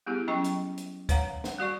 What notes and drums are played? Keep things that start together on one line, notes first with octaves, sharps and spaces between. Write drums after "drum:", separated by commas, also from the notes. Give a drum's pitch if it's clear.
G3 B3 E4 G4 G#4
F#3 C#4 D#5 G5 C#6
drum: hi-hat
drum: hi-hat
B4 C#5 F5 F#5 A#5, drum: kick D2, hi-hat
drum: snare
G3 F#4 D5 C#6